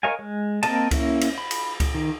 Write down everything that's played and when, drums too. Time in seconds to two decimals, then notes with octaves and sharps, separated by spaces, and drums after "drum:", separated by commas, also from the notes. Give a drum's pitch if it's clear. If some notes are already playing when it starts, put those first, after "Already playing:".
0.03 A#4 C#5 D#5 F5 G#5
0.19 G#3
0.63 A#3 C4 A#4 D#5 A5, drum: cymbal
0.91 A#3 C#4 E4, drum: kick C#2, cymbal
1.21 drum: cymbal
1.38 B5
1.51 drum: cymbal
1.80 drum: kick C#2, cymbal
1.95 D#3